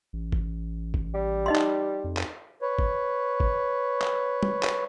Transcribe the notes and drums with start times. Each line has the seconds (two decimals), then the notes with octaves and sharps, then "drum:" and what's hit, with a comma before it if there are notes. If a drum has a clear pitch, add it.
0.13 A1
0.32 drum: kick G#1
0.94 drum: kick G#1
1.14 G3
1.46 D#4 D#5 C6
1.55 drum: clap
2.04 F2
2.17 drum: clap
2.61 B4 C#5
2.79 drum: kick G#1
3.40 drum: kick G#1
4.02 drum: clap
4.43 drum: tom
4.63 drum: clap